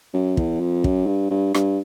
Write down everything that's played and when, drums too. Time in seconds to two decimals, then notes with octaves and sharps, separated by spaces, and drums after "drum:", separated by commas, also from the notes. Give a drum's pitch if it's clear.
0.14 F#2
0.37 E2, drum: kick
0.60 F2
0.84 F#2, drum: kick
1.07 G2
1.31 G2
1.54 G2, drum: rim click